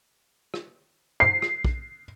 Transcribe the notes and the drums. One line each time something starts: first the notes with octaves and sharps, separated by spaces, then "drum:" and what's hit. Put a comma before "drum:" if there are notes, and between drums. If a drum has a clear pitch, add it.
drum: rim click
C7
drum: rim click
drum: kick